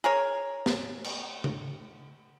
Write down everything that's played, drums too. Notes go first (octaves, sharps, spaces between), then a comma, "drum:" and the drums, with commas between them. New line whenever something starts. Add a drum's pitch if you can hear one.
G#4 A#4 C#5
drum: snare
drum: cymbal
drum: tom C#3